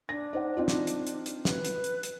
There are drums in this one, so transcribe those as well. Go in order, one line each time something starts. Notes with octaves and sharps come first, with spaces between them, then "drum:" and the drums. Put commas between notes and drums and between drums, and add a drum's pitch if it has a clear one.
D4 A#6
D#4 C5 F#5
C4 D#4 F4
drum: snare
drum: hi-hat
drum: hi-hat
drum: hi-hat
B4, drum: snare
drum: hi-hat
drum: hi-hat
drum: hi-hat